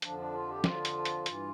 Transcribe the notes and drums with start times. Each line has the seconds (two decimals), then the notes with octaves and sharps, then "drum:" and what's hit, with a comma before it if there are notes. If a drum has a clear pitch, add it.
0.02 F2 D3 F3 D4, drum: hi-hat
0.19 D4
0.33 F4
0.49 G4
0.64 F2 D3 F3 F4, drum: snare
0.85 drum: hi-hat
1.05 drum: hi-hat
1.26 G2 E3, drum: hi-hat